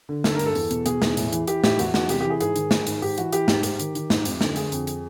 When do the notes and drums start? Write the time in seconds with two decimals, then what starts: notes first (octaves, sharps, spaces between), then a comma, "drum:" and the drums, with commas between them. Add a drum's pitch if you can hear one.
0.09 D3
0.24 D3 A4, drum: snare
0.35 A#4
0.39 G2, drum: hi-hat
0.46 A4
0.55 E2, drum: open hi-hat
0.71 B2, drum: hi-hat
0.86 B2 G#4, drum: hi-hat
1.02 E2, drum: snare
1.17 A2, drum: hi-hat
1.33 E3, drum: hi-hat
1.47 E3 G4, drum: hi-hat
1.64 A2 G4, drum: snare
1.79 E2 F#4, drum: hi-hat
1.94 E2 F#4, drum: snare
2.09 C3 G4, drum: hi-hat
2.21 E3 G4
2.30 G#4
2.41 G#2 G#4, drum: hi-hat
2.56 D#3, drum: hi-hat
2.71 D#3, drum: snare
2.87 G#2, drum: hi-hat
3.02 G#2 G4, drum: open hi-hat
3.18 E3 F#4, drum: hi-hat
3.33 E3 G4, drum: hi-hat
3.48 G#2, drum: snare
3.63 G#2 G4, drum: hi-hat
3.79 D#3, drum: hi-hat
3.95 D#3, drum: hi-hat
4.10 G#2, drum: snare
4.25 F2, drum: hi-hat
4.41 D3, drum: snare
4.56 D3 G#4, drum: hi-hat
4.72 F2, drum: hi-hat
4.87 drum: hi-hat